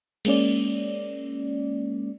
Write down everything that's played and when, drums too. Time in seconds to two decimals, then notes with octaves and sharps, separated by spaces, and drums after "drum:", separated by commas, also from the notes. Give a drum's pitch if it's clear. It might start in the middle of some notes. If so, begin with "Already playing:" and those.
0.25 G#3 A#3 C#4 D5, drum: cymbal